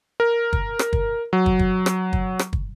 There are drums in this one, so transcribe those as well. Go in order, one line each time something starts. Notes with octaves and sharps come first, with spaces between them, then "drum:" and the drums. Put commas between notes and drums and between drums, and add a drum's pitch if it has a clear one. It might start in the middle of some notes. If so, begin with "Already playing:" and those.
A#4
drum: kick
drum: rim click
drum: kick
F#3
drum: kick
drum: kick
drum: rim click
drum: kick
drum: rim click
drum: kick